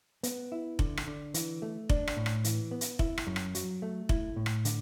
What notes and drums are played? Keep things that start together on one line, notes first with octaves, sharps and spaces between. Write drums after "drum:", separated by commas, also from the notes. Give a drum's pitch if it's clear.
B3, drum: hi-hat
E4
D3, drum: kick F1
drum: rim click
D3
E3, drum: hi-hat
A3
D4, drum: kick F1
drum: rim click
A2
drum: rim click
E3, drum: hi-hat
B3
drum: hi-hat
E4, drum: kick F1
drum: rim click
F#2
drum: rim click
F#3, drum: hi-hat
A3
E4, drum: kick F1
A2
drum: rim click
D3, drum: hi-hat